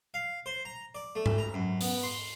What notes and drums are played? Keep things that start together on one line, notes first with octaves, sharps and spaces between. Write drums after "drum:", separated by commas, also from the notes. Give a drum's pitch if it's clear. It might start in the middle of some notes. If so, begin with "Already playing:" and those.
F5
C5
A#5
D5
A3
drum: tom G#2
A#5
F#2
B3, drum: open hi-hat
C6